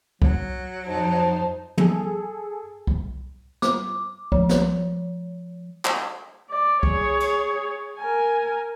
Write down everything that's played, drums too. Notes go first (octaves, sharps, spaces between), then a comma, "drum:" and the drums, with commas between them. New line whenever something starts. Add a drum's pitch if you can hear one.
F#3, drum: kick C2
F2 D#4 C5 A5
G#4 A4, drum: tom
drum: kick C2
D6, drum: snare
F3, drum: kick C2
drum: snare
drum: clap
D5
G#4 C#5, drum: kick C2
drum: cymbal
A#4 G#5